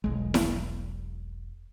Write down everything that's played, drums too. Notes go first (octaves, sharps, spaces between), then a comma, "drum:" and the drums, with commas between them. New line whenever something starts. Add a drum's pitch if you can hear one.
E1 B1 G#3
drum: snare E4